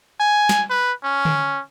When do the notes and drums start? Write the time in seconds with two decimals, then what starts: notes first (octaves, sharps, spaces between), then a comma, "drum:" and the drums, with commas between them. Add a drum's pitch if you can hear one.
0.20 G#5
0.49 drum: snare
0.70 B4
1.04 C#4
1.25 drum: tom D3